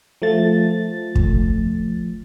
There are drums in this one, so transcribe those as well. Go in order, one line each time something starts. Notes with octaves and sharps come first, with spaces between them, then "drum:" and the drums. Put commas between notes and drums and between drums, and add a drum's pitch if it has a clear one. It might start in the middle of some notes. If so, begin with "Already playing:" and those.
F3 A3 A6
drum: kick